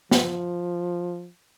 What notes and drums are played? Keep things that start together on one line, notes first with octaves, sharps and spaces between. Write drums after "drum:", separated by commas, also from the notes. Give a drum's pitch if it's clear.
F3, drum: snare